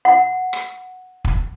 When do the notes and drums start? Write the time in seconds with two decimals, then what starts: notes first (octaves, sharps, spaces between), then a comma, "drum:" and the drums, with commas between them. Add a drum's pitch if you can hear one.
0.05 F#5
0.53 drum: rim click
1.25 drum: kick